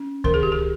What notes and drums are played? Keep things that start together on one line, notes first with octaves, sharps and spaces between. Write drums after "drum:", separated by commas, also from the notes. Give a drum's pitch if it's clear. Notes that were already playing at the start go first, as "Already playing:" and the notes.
Already playing: C#4
D#3 A#4, drum: kick C#2
G#4
G4
G#4